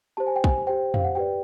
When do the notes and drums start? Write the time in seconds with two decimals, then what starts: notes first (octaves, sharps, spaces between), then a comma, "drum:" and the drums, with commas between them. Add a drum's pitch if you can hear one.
0.17 G4 C5 A5
0.27 G#5
0.36 G5
0.44 G#5, drum: kick
0.67 G4 C5 G5
0.94 F5, drum: tom F2
1.04 F#5
1.15 G4 B4 D5 G5